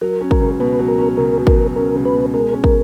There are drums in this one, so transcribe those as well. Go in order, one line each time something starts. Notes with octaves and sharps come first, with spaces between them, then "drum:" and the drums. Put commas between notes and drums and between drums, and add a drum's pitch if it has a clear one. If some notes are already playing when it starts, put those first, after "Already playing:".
F#3 A#4
C#4
A#4, drum: kick
C#2
B2 B4
F#3
A#4
C#4
C#2 A#4
B2
A#4, drum: kick
F#3
C#4 A#4
C#2
B4
B2
G#3 A#4
C#4
A#4, drum: kick